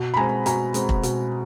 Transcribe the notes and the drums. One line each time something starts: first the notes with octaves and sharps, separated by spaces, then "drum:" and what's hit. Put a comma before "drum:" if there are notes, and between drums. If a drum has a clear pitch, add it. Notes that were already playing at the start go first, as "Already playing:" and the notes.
Already playing: B2
B5
G#3 C4 G#5 A#5
B2 G#5 A#5, drum: hi-hat
G#3 C4, drum: hi-hat
drum: kick
B2, drum: hi-hat